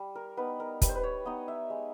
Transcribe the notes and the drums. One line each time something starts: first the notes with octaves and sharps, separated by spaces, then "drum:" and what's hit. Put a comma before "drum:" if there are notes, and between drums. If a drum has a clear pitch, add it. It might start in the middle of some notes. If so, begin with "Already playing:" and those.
Already playing: G3
A#4
B3 D#4 B4
A#4
G3 B4, drum: kick, hi-hat
C5
B4
C#5
B3 D#4 D#5
E5
G#3